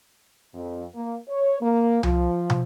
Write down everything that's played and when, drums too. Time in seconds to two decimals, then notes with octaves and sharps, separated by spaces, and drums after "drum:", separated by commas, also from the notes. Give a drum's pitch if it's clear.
0.54 F2
0.94 A#3
1.28 C#5
1.61 A#3
2.03 F3, drum: tom C2
2.50 drum: tom